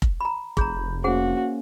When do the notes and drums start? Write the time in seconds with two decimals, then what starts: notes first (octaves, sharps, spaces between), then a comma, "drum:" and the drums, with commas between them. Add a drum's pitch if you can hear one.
0.02 drum: kick F1
0.21 A#5 B5
0.57 F1 G#4 A#5 B5 G6, drum: kick F1
1.04 A#3 C#4 F#4 G#4 C5 F#5